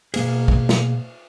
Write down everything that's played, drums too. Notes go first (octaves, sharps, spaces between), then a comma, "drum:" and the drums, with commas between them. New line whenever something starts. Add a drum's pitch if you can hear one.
B2 A#3 G#4, drum: cymbal
drum: kick
drum: snare